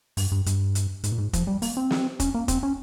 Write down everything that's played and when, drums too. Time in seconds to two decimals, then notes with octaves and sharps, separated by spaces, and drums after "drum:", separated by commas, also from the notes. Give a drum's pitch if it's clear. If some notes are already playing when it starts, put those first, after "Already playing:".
0.17 G2, drum: open hi-hat
0.32 G2
0.46 G2, drum: hi-hat
0.75 drum: hi-hat
1.04 G#2, drum: hi-hat
1.12 A#2
1.18 G#2
1.33 F3, drum: kick, hi-hat
1.47 G3
1.62 A#3, drum: open hi-hat
1.77 C4
1.91 drum: snare
2.20 C#4, drum: kick, hi-hat
2.34 A#3
2.48 C4, drum: kick, hi-hat
2.63 C#4